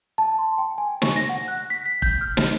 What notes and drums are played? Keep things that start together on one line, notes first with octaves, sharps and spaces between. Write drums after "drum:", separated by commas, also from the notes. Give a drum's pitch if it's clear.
A5
C6
G5
G#5
C#6, drum: snare
A#6
F#5
F#6
B6
B6
G6, drum: kick F1
F6
drum: snare